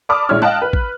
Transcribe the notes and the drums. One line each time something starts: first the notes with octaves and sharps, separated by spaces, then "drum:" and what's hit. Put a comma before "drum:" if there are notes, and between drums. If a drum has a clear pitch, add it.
D5 A5 B5 D6 D#6 F6
A#1 G#3 D4 E4 C#5 F6
D#5 F5 G5 A5 F#6, drum: tom
B4
drum: kick A1